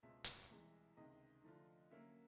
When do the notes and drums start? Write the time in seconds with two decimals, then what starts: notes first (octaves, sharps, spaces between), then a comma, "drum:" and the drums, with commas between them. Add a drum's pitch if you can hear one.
0.03 C#2 B2 G#3 C4 F4 E5
0.24 drum: hi-hat
0.50 C2 C3 E3 G#3
0.97 C#2 C3 D#3 G#3 D#5
1.44 D3 F3 A3 D4 F4
1.91 D3 F#3 A#3 C#4 E5